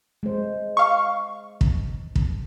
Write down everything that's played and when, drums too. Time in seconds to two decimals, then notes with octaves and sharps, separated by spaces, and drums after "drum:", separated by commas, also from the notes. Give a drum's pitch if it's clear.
0.23 G#3 C5
0.77 F5 C#6
1.61 drum: kick
2.15 drum: kick